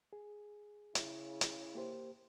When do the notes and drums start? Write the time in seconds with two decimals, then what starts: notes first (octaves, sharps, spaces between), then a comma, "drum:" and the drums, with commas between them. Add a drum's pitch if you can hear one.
0.13 G#4
0.95 C#3 E4, drum: hi-hat
1.41 drum: hi-hat
1.75 A#3 G4 C5